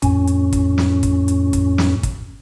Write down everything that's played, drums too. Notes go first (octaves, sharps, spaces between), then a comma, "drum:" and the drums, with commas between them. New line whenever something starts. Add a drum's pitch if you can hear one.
F2 A2 C#4, drum: kick, hi-hat
drum: hi-hat
drum: kick, hi-hat
drum: snare
drum: kick, hi-hat
drum: hi-hat
drum: kick, hi-hat
drum: snare
drum: kick, hi-hat